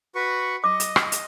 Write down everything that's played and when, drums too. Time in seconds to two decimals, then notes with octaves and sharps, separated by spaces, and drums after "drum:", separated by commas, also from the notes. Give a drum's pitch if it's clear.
0.15 F#4 B4 C#6
0.64 D#5 D6
0.80 drum: hi-hat
0.96 drum: rim click
1.12 drum: hi-hat